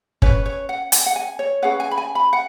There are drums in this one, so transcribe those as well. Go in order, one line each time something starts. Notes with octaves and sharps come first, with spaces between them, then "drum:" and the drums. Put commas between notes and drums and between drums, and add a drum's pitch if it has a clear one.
C#4 B4 C#5, drum: kick F#1
C#5
F#5
G#5, drum: hi-hat
F#5
G#5
C#5
C#4 G#4 B4 F#5
G#5
B5
G#5
B5
F#5